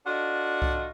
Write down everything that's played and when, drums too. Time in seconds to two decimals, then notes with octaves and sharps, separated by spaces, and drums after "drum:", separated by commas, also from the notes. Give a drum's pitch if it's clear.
0.07 D4 F4 F#4 A4 D#5
0.62 drum: kick C2